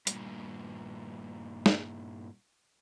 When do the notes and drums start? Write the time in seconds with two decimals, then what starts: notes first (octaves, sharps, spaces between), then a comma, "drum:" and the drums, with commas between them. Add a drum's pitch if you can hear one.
0.07 G2 A#2, drum: hi-hat
1.66 drum: snare